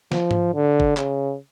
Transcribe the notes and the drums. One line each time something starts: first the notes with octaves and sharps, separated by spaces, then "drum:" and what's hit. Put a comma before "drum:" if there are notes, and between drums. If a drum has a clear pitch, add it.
F3, drum: snare
drum: tom G#2
D3
drum: kick
C#3, drum: clap